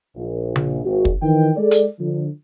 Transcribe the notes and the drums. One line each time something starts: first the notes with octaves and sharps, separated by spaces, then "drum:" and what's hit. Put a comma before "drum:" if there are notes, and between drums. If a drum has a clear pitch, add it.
A#1
drum: tom C#3
G#1 F#4
drum: kick
D#3 E3 G5
G#3 A4 D5
drum: hi-hat
D3 F3